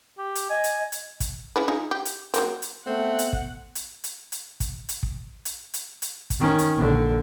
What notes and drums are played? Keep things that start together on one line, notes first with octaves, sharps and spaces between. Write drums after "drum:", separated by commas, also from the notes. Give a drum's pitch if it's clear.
G4
drum: hi-hat
D#5 G#5
drum: hi-hat
drum: hi-hat
drum: kick, hi-hat
C#3 E4 B4
F3 D#4 G#4
G4
drum: hi-hat
F#3 A#3 C4, drum: hi-hat
drum: hi-hat
A3 B3 C4 F#5
drum: hi-hat
drum: kick
drum: hi-hat
drum: hi-hat
drum: hi-hat
drum: kick, hi-hat
drum: hi-hat
drum: kick
drum: hi-hat
drum: hi-hat
drum: hi-hat
drum: kick, hi-hat
D#3 C#4
drum: hi-hat
A#1 D3